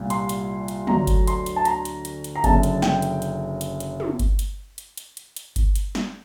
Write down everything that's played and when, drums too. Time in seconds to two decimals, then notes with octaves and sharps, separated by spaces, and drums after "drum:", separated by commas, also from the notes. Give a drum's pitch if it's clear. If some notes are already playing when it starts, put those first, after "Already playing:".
Already playing: C2 A#2 G3
0.10 C6, drum: hi-hat
0.29 drum: hi-hat
0.68 drum: hi-hat
0.87 D2 D3 F#3 A#5, drum: tom
1.07 drum: kick G1, hi-hat
1.27 C6, drum: hi-hat
1.46 drum: hi-hat
1.56 A5
1.65 A#5, drum: hi-hat
1.85 drum: hi-hat
2.05 drum: hi-hat
2.24 drum: hi-hat
2.36 A#5
2.44 F#1 F#2 D3 A5, drum: kick G1, hi-hat
2.63 drum: hi-hat
2.82 G5, drum: snare
3.02 drum: hi-hat
3.22 drum: hi-hat
3.61 drum: hi-hat
3.80 drum: hi-hat
4.00 drum: tom
4.19 drum: kick G1, hi-hat
4.39 drum: hi-hat
4.78 drum: hi-hat
4.97 drum: hi-hat
5.17 drum: hi-hat
5.36 drum: hi-hat
5.56 drum: kick G1, hi-hat
5.75 drum: hi-hat
5.95 drum: snare